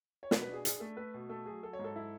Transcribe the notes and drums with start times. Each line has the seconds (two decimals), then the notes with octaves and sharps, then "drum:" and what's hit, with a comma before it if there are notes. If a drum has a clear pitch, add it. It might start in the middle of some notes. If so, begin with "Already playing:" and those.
0.23 C#5
0.31 B2 B4, drum: snare
0.42 B4
0.48 D4
0.54 G#4
0.65 D4 G#4, drum: hi-hat
0.80 A3 A4
0.97 A3 B4
1.14 B2
1.29 A3 A4
1.46 F#3 G#4
1.63 F#3 A4
1.73 C#5
1.79 G#2
1.84 A4
1.96 E4